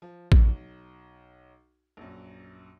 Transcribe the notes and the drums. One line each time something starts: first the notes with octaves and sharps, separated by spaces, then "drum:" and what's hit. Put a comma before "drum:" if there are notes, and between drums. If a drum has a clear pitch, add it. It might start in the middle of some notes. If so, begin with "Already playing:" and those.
F3
B1, drum: kick A1
A#1 F#2